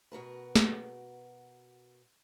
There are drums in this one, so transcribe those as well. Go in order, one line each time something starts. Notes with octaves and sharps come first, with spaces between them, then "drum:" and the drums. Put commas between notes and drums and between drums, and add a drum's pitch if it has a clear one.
B2 F#4 A#4 B4
drum: snare